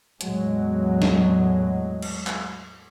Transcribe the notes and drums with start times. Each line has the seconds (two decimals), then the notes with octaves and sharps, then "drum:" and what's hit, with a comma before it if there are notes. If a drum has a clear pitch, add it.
0.21 E2 A2 F#3 G#3, drum: hi-hat
1.02 drum: snare
2.02 drum: cymbal
2.27 drum: clap